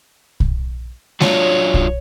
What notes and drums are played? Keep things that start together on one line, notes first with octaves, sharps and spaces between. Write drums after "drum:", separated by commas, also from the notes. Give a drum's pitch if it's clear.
drum: kick
F#3 D4 F4 C#5, drum: snare G#3
drum: kick